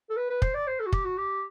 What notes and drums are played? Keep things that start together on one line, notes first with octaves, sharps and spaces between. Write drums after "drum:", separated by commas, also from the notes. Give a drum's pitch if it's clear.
A4
B4
B4
C5, drum: kick
D5
C5
A4
F#4
G4, drum: kick
F#4
G4